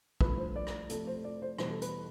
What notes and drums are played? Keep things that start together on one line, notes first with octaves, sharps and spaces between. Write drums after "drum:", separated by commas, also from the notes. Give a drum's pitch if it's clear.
G2 F3 A3 B4, drum: kick
C5
D5
drum: rim click
F2 C3 F3 A3 A4, drum: hi-hat
C5
D5
C5
E2 B2 G3 C5, drum: rim click
A4
B4, drum: hi-hat